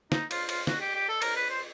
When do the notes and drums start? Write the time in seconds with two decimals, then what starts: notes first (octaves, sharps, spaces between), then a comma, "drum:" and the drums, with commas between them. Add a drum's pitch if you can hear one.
0.12 D#4, drum: snare
0.31 F4, drum: cymbal
0.49 F4, drum: cymbal
0.67 F#4, drum: snare
0.81 G4
0.95 G4
1.09 A4
1.22 A#4, drum: cymbal
1.36 B4
1.50 C5